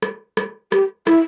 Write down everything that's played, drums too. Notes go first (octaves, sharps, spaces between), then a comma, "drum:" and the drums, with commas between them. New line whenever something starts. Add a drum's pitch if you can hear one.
drum: rim click
drum: rim click
G4, drum: rim click
E4, drum: rim click